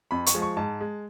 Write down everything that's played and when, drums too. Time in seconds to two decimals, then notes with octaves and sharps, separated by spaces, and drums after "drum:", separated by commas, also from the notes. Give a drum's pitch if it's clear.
0.11 F2 B5
0.26 C#6, drum: hi-hat
0.34 F3 G#3
0.42 C#6
0.57 G#2 A5
0.80 G#3